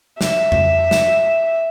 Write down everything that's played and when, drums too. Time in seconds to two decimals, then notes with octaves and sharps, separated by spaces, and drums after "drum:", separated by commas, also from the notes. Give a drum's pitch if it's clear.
0.21 E5, drum: snare
0.52 drum: tom F2
0.91 drum: snare